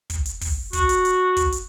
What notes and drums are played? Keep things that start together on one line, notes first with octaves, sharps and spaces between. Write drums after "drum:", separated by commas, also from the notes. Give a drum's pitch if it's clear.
drum: kick, hi-hat
drum: hi-hat
drum: kick, open hi-hat
F#4, drum: kick, hi-hat
drum: hi-hat
drum: hi-hat
drum: kick, hi-hat
drum: hi-hat